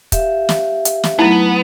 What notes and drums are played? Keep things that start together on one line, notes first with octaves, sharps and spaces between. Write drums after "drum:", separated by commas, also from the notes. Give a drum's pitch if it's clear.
G4 E5 F5, drum: kick, hi-hat
drum: snare
drum: hi-hat
drum: snare
F#3 A3 B3 D#4 E4 A5